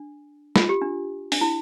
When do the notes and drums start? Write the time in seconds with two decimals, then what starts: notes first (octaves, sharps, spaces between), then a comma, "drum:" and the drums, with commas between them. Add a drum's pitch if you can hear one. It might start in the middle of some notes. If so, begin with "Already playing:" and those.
Already playing: D4
0.56 F4, drum: snare
0.69 G4
0.82 D4
1.32 D4, drum: open hi-hat
1.41 E4